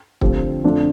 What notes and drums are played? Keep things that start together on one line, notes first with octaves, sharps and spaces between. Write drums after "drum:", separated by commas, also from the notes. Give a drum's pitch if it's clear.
D3 F3 A3 C4 G4, drum: kick
F2 D3 A3 D4 F4